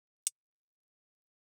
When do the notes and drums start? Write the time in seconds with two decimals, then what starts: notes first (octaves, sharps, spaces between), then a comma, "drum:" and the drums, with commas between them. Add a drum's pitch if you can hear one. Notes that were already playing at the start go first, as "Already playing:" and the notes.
0.07 E3
0.17 D#3
0.27 C3, drum: hi-hat
0.37 A2
0.51 F#2
0.66 E2